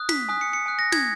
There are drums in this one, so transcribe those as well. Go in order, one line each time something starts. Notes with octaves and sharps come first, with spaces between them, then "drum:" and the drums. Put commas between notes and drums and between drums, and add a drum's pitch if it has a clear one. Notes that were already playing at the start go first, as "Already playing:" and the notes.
Already playing: D#6 F#6
B6, drum: snare
G#5 D#6 F#6
C#7
C#7
G#5 D#6 F#6
A#6
G#6, drum: snare